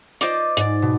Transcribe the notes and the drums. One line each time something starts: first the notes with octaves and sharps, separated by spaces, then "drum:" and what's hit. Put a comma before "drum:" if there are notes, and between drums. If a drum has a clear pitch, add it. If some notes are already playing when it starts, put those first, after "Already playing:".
F4 C5 D5 D#5 D6, drum: hi-hat
G#2 D5, drum: hi-hat
B2